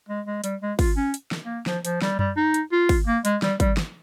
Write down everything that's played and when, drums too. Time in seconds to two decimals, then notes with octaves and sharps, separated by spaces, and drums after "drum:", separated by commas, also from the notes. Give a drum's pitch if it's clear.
0.09 G#3
0.27 G#3
0.44 G3, drum: hi-hat
0.61 G#3
0.79 F4, drum: kick, open hi-hat
0.96 C#4
1.14 drum: hi-hat
1.31 drum: snare
1.43 A#3
1.66 F3, drum: snare
1.85 F3, drum: hi-hat
2.02 G3, drum: snare
2.19 G3, drum: tom F#2
2.36 D#4
2.54 drum: hi-hat
2.72 F4
2.89 drum: kick, open hi-hat
3.07 A#3
3.25 G#3, drum: hi-hat
3.42 G3, drum: snare
3.60 G3, drum: kick, hi-hat
3.77 drum: snare